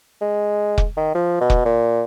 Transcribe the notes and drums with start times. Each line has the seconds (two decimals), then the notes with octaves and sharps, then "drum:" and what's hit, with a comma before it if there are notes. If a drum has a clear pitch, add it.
0.21 G#3
0.78 drum: kick
0.97 D#3
1.15 F3
1.41 B2
1.50 drum: kick
1.65 A#2